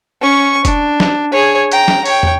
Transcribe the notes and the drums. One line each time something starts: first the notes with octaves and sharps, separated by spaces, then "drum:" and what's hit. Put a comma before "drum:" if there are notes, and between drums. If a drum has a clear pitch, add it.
C#4 C#6
D4, drum: kick F1, hi-hat
drum: snare
G#4 C#5
G5 A#5, drum: hi-hat
drum: snare
C#5 G5, drum: open hi-hat
drum: tom